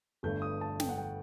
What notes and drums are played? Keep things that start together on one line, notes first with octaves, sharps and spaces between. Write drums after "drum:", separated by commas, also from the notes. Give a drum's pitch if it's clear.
G1 G2 D3 A3 G6
D#6
A5
G5, drum: snare
F#5
G5